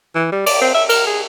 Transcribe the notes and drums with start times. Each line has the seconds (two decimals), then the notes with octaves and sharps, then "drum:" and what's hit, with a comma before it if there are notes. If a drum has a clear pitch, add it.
0.15 E3
0.32 G3
0.46 D5, drum: cymbal
0.62 C4
0.75 E5
0.89 A#4, drum: cymbal
1.07 G#4